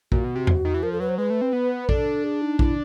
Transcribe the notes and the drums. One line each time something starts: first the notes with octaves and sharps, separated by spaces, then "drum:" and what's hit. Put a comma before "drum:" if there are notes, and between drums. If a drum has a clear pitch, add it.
A#2 F#4, drum: kick A#1
B2
C3
drum: tom E2
D#3
E3
F3 A#4
A4
F#3 B4
C5
G#3 B4
A3
C4
B3
D4 A4, drum: kick A#1
G#4
D#4
E4, drum: kick A#1